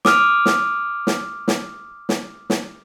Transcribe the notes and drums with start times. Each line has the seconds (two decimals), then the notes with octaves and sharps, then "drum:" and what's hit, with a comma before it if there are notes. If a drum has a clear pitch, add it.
0.05 D6 D#6 F6, drum: snare
0.46 drum: snare
1.07 drum: snare
1.48 drum: snare
2.09 drum: snare
2.50 drum: snare